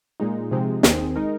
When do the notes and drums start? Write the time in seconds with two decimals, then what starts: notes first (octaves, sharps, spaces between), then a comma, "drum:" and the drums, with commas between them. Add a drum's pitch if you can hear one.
0.20 A#2 G#3 D#4
0.51 C3 F3 G#3 C4 D#4
0.83 D#2 D#3 C4 G#4, drum: snare
1.16 G#3 D#4 A#4